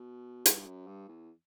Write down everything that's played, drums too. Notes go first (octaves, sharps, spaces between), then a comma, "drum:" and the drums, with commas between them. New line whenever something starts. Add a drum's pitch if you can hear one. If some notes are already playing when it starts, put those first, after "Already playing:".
Already playing: B2
G2, drum: hi-hat
F#2
G2
E2